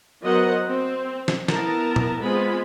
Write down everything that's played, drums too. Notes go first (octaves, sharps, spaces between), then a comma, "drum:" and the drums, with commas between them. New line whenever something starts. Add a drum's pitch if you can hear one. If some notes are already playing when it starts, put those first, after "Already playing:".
F#3 B3 A#4 C5 D#5 F#5
C4
drum: snare
B3 E4 A#4 A5 A#5, drum: snare
drum: tom
G#3 B3 C4 F4 G#4 B5